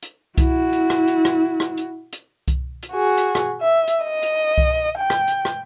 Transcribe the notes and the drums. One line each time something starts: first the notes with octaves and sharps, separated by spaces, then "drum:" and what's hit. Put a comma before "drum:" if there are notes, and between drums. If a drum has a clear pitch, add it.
drum: hi-hat
E4 F#4, drum: kick C2, hi-hat
drum: hi-hat
drum: rim click
drum: hi-hat
drum: rim click
drum: rim click
drum: hi-hat
drum: hi-hat
drum: kick C2, hi-hat
drum: hi-hat
F#4 G#4
drum: hi-hat
drum: rim click
E5
drum: hi-hat
D#5
drum: hi-hat
drum: kick C2
G5
drum: rim click
drum: hi-hat
drum: rim click